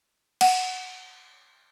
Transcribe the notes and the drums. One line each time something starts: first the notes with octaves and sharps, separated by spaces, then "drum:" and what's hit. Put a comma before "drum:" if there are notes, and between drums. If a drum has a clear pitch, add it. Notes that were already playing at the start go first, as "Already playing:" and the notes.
F#5, drum: cymbal